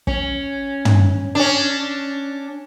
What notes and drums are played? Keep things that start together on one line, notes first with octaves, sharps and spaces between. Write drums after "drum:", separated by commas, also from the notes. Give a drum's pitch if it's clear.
C#4, drum: kick
drum: tom
C#4 D4